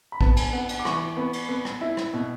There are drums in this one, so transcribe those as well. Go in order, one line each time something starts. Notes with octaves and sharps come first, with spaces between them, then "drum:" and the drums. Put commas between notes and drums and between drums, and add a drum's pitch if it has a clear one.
B5
B3 A5, drum: kick
G#5, drum: cymbal
B3 F#5
F#5, drum: cymbal
D6
E3 C#6, drum: rim click
B3
drum: cymbal
B3
drum: rim click
E4
drum: rim click
B2